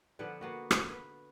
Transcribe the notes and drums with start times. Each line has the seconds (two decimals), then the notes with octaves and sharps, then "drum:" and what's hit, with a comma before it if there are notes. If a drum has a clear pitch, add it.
0.19 D3 F3 B3 B4
0.41 A#3 B3 F#4
0.71 drum: rim click
0.90 B4